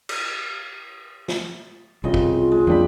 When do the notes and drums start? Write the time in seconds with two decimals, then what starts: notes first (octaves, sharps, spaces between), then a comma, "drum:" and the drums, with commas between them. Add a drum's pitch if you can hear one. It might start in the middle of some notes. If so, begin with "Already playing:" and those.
0.09 drum: cymbal
1.28 drum: snare
2.04 C2 C#3 C4 F4 D#5
2.14 drum: kick
2.34 F4
2.52 G#3
2.67 F2 A#3 D4 G4 B5